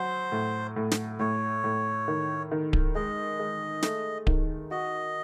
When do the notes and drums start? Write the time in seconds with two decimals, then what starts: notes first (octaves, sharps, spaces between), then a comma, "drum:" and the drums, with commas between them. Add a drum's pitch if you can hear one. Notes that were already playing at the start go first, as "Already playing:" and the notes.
Already playing: F#3 C5
0.32 A2
0.76 A2
0.91 drum: snare
1.19 A2 C#5
1.64 A2
2.08 D#3
2.51 D#3
2.73 drum: kick D1
2.95 G#3 D#5
3.40 G#3
3.83 A3, drum: snare
4.27 D#3, drum: kick D1
4.71 F#4 D#5